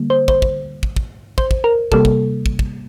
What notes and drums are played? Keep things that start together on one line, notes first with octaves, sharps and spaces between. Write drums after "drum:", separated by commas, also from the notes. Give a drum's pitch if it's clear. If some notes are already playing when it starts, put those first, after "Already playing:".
Already playing: D3 G3 A#3
C5
C5, drum: kick
drum: kick
drum: kick
drum: kick
C5, drum: kick
drum: kick
A#4
C3 G3 A#3 A4, drum: kick
drum: kick
drum: kick
drum: kick